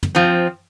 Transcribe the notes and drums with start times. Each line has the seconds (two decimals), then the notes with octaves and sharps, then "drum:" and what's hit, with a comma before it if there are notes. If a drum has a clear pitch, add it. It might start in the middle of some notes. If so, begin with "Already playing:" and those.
0.03 drum: tom
0.15 F3 C4